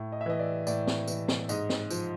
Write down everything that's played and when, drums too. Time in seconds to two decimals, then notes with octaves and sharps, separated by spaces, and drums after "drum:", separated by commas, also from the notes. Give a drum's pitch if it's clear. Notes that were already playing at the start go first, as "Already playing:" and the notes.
Already playing: A2
0.12 D#5
0.21 E5
0.26 E3 D#5
0.39 D5
0.67 A2 D5, drum: tambourine
0.87 drum: snare
1.08 E3, drum: tambourine
1.28 drum: snare
1.49 G#2 D#5, drum: tambourine
1.70 drum: snare
1.90 F3, drum: tambourine